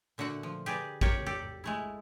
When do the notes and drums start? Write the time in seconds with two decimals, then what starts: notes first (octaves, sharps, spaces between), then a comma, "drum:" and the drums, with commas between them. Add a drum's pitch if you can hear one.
0.18 A#2 D3 A3 F#4 F#5
0.43 F3
0.66 G4 G#4 B4 D5
1.01 G4 A#4 C#5 D5, drum: kick
1.26 G4 A4 D5
1.64 G#3 A3 E4